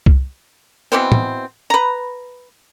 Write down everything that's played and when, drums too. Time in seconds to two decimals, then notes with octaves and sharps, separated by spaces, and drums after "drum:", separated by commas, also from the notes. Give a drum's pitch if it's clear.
0.06 drum: kick C2
0.92 B2 E3 B3 C4
1.12 drum: tom
1.70 B4 A#5